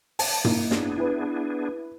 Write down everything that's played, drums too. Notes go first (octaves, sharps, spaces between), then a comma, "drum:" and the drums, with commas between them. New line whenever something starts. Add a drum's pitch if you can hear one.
A5, drum: open hi-hat
A#3 D#4 E4, drum: tom
B3 D4 G#4, drum: snare
E4 B4